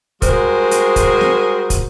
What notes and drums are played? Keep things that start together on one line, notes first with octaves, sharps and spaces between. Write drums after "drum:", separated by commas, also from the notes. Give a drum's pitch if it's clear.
G3 G#3 F#4 G#4 A#4 C5, drum: kick, hi-hat
drum: hi-hat
drum: kick, hi-hat
drum: snare
drum: kick, hi-hat